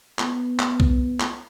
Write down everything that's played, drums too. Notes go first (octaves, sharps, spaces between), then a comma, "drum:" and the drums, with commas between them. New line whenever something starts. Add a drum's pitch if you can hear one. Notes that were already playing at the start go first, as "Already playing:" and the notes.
B3, drum: clap
drum: clap
drum: kick B1
drum: clap